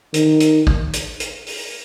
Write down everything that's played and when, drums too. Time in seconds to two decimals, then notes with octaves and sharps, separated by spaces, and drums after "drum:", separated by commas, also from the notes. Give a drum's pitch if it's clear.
0.14 D#3, drum: hi-hat
0.40 drum: hi-hat
0.67 drum: kick G#1
0.93 drum: hi-hat
1.20 drum: hi-hat
1.47 drum: open hi-hat